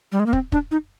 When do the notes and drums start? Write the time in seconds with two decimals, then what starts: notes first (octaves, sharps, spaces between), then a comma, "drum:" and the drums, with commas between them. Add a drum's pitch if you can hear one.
0.12 G3
0.20 G#3
0.26 A#3
0.33 C4, drum: kick
0.52 D4, drum: kick
0.71 D#4